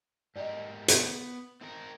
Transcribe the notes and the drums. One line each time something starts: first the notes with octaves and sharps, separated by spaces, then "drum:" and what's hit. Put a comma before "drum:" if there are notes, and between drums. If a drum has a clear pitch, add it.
G#2 G4 A#4 D5 D#5
B3, drum: hi-hat
C4 D#4 A#4